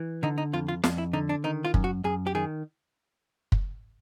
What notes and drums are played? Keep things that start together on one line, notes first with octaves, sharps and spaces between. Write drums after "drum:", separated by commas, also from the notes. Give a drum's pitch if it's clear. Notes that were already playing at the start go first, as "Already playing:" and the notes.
Already playing: E3
D3 D#4
D#4
F2 F4
F4
F2 F4, drum: snare
E4
D3 D#4
D4
D#3 D#4
F4
F#2, drum: kick
F#4
F#2 G#4
G4
D#3 G#4
drum: kick